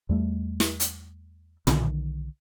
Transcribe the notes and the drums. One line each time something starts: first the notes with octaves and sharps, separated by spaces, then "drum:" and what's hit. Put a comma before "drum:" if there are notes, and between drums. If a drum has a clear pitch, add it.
E2 G3 A3
drum: snare
drum: hi-hat
B1 D3 D#3, drum: tom